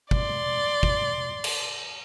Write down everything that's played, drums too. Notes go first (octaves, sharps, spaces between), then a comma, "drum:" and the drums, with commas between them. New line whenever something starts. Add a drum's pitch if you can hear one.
D5 C6, drum: kick
drum: kick
drum: cymbal